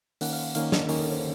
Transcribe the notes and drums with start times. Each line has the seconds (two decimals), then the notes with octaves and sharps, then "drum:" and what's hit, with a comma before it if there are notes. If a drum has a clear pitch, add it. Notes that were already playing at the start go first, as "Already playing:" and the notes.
0.21 D#3 A#3 C#4 F#5, drum: open hi-hat
0.33 F5
0.55 D#3 A#3 C#4 F5, drum: hi-hat
0.72 D#5, drum: snare
0.89 D#3 A#3 C#4 C#5, drum: open hi-hat
1.00 A4
1.12 C5